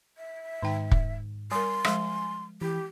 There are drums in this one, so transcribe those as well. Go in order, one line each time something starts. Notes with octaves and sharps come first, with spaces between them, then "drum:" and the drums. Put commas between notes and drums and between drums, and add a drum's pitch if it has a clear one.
E5
G#2 D#3 D#4 G5
drum: kick
G3 A#4 G#5 C6
F3 G#3 F5, drum: rim click
E3 G4 B5